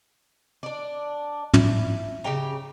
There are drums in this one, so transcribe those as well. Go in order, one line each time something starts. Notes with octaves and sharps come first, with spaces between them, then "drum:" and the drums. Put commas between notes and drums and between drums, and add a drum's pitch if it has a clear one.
D4 D5
E4, drum: tom
C#3 G4 G5 A#5